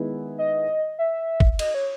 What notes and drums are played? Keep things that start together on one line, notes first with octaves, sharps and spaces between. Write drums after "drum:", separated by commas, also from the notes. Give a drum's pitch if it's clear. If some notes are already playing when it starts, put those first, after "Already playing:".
Already playing: D#3 G#3 B3 E4 G#4
D#5
E5
drum: kick
D#5, drum: cymbal
C#5